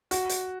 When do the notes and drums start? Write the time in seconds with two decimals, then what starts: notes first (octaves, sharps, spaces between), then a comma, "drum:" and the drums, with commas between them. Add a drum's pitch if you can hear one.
0.11 F#4, drum: hi-hat
0.29 drum: hi-hat